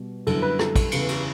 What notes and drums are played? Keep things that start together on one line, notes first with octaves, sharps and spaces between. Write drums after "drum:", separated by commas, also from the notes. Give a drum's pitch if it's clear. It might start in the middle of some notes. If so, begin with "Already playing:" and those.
Already playing: B2 G3 B3
F#2 D3 G3 B3 E4 A4, drum: cymbal
B4
A4, drum: rim click
drum: kick, cymbal
E2 C#3 E3 B3, drum: cymbal
drum: cymbal